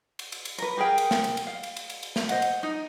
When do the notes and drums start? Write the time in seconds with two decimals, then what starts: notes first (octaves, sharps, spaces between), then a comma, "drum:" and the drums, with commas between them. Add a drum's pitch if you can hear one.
0.19 drum: cymbal
0.32 drum: cymbal
0.45 drum: cymbal
0.58 A#4 B4, drum: cymbal
0.78 G4 G#4 A#4 G5
0.98 drum: cymbal
1.11 drum: snare
1.24 drum: cymbal
1.37 drum: cymbal
1.47 F5
1.63 drum: cymbal
1.76 drum: cymbal
1.90 drum: cymbal
2.03 drum: cymbal
2.16 drum: snare
2.29 C5 D#5 F#5, drum: cymbal
2.42 drum: cymbal
2.63 D#4